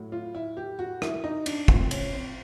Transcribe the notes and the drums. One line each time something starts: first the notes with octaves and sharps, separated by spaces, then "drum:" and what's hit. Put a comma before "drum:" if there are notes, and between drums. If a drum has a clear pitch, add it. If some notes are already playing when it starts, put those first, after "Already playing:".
Already playing: A2 F#3
F4
E4
G4
F#4
E4, drum: rim click
D#4
D4, drum: cymbal
A2 F3 C4, drum: kick
C#4, drum: cymbal
C4